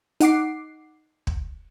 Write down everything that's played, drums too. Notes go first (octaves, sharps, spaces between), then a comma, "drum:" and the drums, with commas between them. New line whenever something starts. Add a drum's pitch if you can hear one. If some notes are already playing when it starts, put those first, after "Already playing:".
D#4 F#5 D6 C7, drum: hi-hat
drum: kick